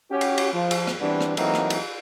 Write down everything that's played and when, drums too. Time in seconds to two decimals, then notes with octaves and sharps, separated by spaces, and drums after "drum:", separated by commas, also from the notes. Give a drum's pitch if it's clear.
0.10 C#4 F#4 G4
0.21 drum: cymbal
0.38 drum: cymbal
0.53 F3
0.71 drum: cymbal
0.87 drum: rim click
1.00 E3 G3 B3 C4 D4
1.21 drum: rim click
1.37 E3 F#3 A3 A#3 C4 D#4, drum: cymbal
1.54 drum: rim click
1.70 drum: cymbal